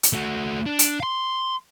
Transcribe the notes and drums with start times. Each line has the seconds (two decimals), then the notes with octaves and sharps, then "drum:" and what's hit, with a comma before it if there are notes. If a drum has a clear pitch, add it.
0.03 drum: hi-hat
0.13 A3 F#4
0.66 D4
0.79 drum: hi-hat
1.00 F5 C6